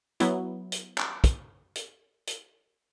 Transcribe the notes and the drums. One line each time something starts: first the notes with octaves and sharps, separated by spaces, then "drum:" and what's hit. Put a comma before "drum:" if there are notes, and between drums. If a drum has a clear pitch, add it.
F#3 B3 E4, drum: hi-hat
drum: hi-hat
drum: clap
drum: kick, hi-hat
drum: hi-hat
drum: hi-hat